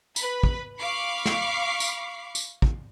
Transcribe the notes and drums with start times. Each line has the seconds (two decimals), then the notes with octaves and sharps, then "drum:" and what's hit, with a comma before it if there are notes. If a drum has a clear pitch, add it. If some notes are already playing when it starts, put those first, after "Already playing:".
0.16 B4 B5, drum: tambourine
0.43 drum: kick
0.79 F5 B5 C#6 D6 C7
1.26 drum: snare
1.80 drum: tambourine
2.35 drum: tambourine
2.62 drum: kick